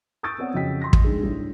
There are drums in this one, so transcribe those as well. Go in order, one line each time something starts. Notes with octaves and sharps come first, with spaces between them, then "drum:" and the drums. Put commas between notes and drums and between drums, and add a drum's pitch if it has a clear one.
C#6 D#6 E6 G6 A6 D7
B3 C4 C#5 D5 F#5
F2 C#3 F#4 D#5 G5 B6
C6 A#6
drum: kick
G#3 D4 D#4 G#4
A2 G3 A3 D4